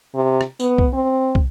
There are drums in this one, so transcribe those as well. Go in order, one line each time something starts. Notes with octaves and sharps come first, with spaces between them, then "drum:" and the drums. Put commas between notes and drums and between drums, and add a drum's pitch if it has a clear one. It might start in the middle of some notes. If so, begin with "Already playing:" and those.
C3
drum: rim click
B3, drum: tambourine
drum: kick
C4
drum: kick